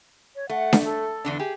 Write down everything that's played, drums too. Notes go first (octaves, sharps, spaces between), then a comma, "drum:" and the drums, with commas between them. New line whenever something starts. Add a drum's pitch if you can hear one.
C#5
A3 F#5
drum: snare D4
A4
E2 D3 D4
G4 G#4